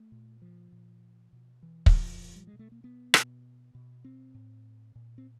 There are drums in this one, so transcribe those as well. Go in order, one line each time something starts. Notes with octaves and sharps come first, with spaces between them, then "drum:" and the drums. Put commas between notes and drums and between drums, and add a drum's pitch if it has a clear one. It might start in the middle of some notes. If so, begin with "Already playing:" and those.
Already playing: A3
A#2
F3
A#2
B2
E3
F#3, drum: kick
A#2 F3
G3
G#3
B2
A3
A#3
B3
B2, drum: rim click
B2
C4
A2
A#2
C4